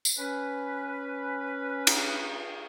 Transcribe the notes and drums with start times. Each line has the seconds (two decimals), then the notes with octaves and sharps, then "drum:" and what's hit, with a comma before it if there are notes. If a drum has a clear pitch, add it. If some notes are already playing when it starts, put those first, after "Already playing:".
0.05 drum: tambourine
0.18 C#4 B4
1.87 drum: cymbal